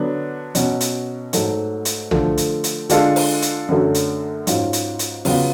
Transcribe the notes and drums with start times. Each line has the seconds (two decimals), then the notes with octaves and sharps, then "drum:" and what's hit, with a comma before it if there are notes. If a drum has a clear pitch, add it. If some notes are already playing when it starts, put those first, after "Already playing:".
Already playing: D3 F#3 B3 D4
0.55 B2 F#3 C#4 F#4, drum: hi-hat
0.80 drum: hi-hat
1.33 G#2 F#3 A3, drum: hi-hat
1.85 drum: hi-hat
2.11 D3 F3 A3, drum: tom
2.37 drum: hi-hat
2.64 drum: hi-hat
2.89 D3 G#3 D4 F4 A4, drum: hi-hat
3.16 drum: open hi-hat
3.42 drum: hi-hat
3.68 F#2 D3 F#3 A3
3.94 drum: hi-hat
4.47 G#2 F#3 C#4 F4, drum: hi-hat
4.73 drum: hi-hat
4.99 drum: hi-hat
5.25 C#3 F#3 B3 F4, drum: open hi-hat